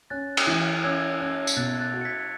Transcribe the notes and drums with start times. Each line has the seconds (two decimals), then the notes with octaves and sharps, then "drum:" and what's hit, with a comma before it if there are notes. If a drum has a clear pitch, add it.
0.10 C#4 F#6 A6
0.37 drum: cymbal
0.47 E3
0.84 C#4 E6 G#6
1.20 C#4
1.47 drum: tambourine
1.56 B2 F#6 A6
1.81 F#6 A6
1.93 F#4
2.01 C#7
2.05 G#6 B6